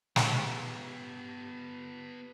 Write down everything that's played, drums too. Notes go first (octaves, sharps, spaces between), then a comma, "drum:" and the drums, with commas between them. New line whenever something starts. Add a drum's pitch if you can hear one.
B3 G4, drum: snare